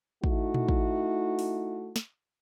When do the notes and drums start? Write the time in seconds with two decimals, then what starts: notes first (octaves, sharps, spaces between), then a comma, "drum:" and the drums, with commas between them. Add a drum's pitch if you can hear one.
0.24 A3 D#4 E4 F#4, drum: kick
0.54 drum: tom A#2
0.69 drum: kick
1.39 drum: open hi-hat
1.96 drum: snare